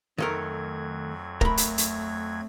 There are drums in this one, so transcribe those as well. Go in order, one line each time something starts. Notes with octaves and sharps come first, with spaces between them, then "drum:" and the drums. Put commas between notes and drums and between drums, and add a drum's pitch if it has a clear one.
F2 D#3 F#3 A3 A#4 G#6
A3 A#4 B5, drum: kick
drum: hi-hat
drum: hi-hat